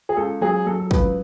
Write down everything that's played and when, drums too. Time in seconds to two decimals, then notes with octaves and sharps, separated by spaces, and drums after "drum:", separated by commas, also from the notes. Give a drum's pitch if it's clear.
0.09 G#4
0.17 C#2 A4
0.41 F#3 G#4
0.66 F#3 A4
0.80 A4
0.91 C#2 B4, drum: kick